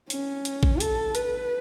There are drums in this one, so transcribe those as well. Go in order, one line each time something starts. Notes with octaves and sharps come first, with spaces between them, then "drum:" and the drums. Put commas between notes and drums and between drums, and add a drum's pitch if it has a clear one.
C#4, drum: hi-hat
drum: hi-hat
drum: kick A1
A4, drum: hi-hat
B4, drum: hi-hat